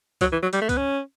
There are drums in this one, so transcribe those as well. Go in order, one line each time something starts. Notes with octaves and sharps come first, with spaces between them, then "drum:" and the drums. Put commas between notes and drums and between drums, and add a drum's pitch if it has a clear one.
F#3, drum: kick, hi-hat
E3
F#3
G3, drum: hi-hat
A3
B3, drum: kick, hi-hat
C#4